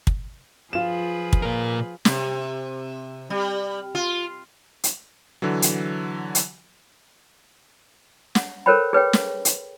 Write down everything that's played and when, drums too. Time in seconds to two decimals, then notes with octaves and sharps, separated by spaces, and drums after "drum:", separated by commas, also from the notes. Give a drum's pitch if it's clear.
0.07 drum: kick
0.73 F3 F4 G#4 B4 E7
1.33 drum: kick
1.42 A#2 A#4
2.05 C3, drum: snare
3.30 G3
3.95 F4
4.84 drum: hi-hat
5.42 D3 E3 F#3
5.62 drum: hi-hat
6.35 drum: hi-hat
8.35 F#5, drum: snare
8.66 A4 A#4 C5 C#5 G5 B5
8.93 G#4 B4 C#5 G5
9.13 drum: snare
9.45 drum: hi-hat